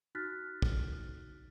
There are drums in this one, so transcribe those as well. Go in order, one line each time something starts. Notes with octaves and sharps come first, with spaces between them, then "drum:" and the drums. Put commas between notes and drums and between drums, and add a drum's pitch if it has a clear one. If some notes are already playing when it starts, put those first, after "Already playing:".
D#4 F#4 F6 F#6 A6 B6
drum: kick